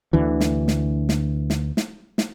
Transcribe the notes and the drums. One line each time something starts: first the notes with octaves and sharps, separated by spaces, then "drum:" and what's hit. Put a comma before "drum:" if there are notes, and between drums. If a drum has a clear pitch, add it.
D2 D3 E3
drum: snare
drum: snare
drum: snare
drum: snare
drum: snare
drum: snare